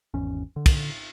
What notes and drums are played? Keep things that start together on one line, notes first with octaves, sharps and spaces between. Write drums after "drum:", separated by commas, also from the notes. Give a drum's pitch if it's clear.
G#1 E2 C#4
D3
drum: kick, cymbal